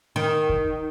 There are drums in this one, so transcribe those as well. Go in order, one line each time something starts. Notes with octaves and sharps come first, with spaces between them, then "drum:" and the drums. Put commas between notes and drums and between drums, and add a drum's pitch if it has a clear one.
D#3
drum: kick